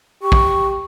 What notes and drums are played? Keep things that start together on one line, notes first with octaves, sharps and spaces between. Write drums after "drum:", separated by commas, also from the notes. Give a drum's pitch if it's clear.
G4 C#6
drum: kick